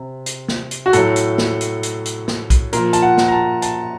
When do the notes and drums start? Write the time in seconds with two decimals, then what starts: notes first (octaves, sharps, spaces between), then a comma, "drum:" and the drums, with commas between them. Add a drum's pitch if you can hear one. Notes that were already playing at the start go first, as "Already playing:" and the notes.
Already playing: C3
0.26 drum: hi-hat
0.48 drum: snare
0.71 drum: hi-hat
0.86 F#4
0.93 A2 F#3 A4, drum: hi-hat
1.16 drum: hi-hat
1.38 drum: snare
1.61 drum: hi-hat
1.83 drum: hi-hat
2.05 drum: hi-hat
2.28 drum: snare
2.50 drum: kick, hi-hat
2.73 A#2 F3 A#4, drum: hi-hat
2.93 A5, drum: hi-hat
3.02 F#5
3.18 drum: snare
3.28 A#5
3.32 A5
3.62 A5, drum: hi-hat